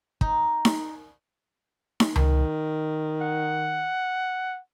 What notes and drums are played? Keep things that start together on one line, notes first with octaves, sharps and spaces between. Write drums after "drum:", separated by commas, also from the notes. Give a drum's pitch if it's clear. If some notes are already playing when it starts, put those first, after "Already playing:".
D#4, drum: kick
drum: snare D#4
drum: snare D#4
D#3, drum: tom C#2
F#5